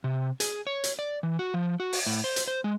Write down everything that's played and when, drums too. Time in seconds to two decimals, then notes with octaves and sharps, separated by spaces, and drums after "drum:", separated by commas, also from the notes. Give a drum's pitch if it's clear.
0.04 C3
0.40 G#4, drum: hi-hat
0.67 C#5
0.84 drum: hi-hat
0.99 D5
1.23 E3
1.39 F#4
1.54 F3
1.80 F#4
1.93 drum: open hi-hat
2.06 A2
2.24 C5
2.36 drum: hi-hat
2.48 C5
2.64 G#3